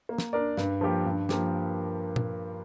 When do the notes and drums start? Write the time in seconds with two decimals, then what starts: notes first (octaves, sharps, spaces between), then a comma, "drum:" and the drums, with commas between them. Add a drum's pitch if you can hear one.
0.09 A#3
0.18 drum: snare
0.33 D4 A#4 D5
0.57 G2, drum: snare
0.81 F3 A#3 G4
1.06 G2
1.29 F3 A#3 G4, drum: snare
2.16 drum: tom